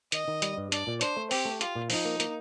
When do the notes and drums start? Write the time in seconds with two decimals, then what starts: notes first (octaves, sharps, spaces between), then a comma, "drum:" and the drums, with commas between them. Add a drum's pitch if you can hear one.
0.12 D#3 D#5, drum: hi-hat
0.28 D#3
0.42 G3, drum: hi-hat
0.58 G2
0.72 D4 D5, drum: hi-hat
0.87 A#2
1.01 D4 C5, drum: hi-hat
1.17 A3
1.31 C4 G4, drum: open hi-hat
1.45 A3
1.61 F4 G4, drum: hi-hat
1.76 A#2
1.90 F3 D#4, drum: open hi-hat
2.05 A#3
2.20 A#3, drum: hi-hat